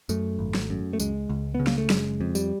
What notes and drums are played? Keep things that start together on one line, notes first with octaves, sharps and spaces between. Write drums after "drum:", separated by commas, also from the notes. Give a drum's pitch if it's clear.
F#2 A3, drum: tambourine
G#1
drum: snare
F#2
A3
C#2 G#3, drum: tambourine
C#2
B3
C#3
A#3, drum: snare
A3
F#1 G#3, drum: snare
F2
G3, drum: tambourine